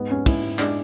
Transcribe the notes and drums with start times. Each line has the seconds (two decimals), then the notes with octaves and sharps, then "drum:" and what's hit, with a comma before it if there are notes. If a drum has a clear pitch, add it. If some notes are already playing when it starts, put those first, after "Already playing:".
Already playing: G#2 B3
0.11 G#3 C#4
0.26 G#2 E4, drum: kick, cymbal
0.43 G#2
0.59 G#3 D4, drum: clap